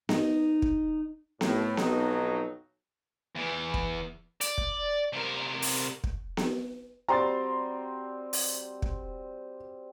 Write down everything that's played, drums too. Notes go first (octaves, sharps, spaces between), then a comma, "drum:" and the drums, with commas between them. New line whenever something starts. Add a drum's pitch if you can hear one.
D#4, drum: snare B3
drum: kick
A2, drum: snare B3
B1 F2 F#3 D#4, drum: snare B3
E2 E3
drum: kick
D5, drum: hi-hat
drum: kick
C3 A#4
drum: open hi-hat
drum: kick
drum: snare B3
G3 C4 F#4 A#5 C6 A6
drum: open hi-hat
drum: kick